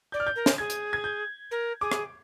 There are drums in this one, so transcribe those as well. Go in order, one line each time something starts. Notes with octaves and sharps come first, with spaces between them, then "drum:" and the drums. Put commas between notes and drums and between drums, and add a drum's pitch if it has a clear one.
D5 G6
F6
G6
A#4
drum: snare
G#4 G#6
drum: hi-hat
G#6
G6
A#4
G#4 D6
drum: rim click